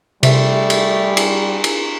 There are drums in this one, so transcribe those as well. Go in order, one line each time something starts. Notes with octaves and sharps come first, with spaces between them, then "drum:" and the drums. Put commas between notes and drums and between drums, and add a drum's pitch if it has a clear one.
C3 G3 A3, drum: cymbal
drum: cymbal
drum: cymbal
drum: cymbal